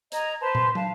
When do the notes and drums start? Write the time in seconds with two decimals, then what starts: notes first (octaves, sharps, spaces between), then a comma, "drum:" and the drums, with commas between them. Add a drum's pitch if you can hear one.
0.12 D#5 A#5 G#6, drum: hi-hat
0.40 B4 C5 A5 C6
0.55 drum: tom
0.75 F5 A5, drum: tom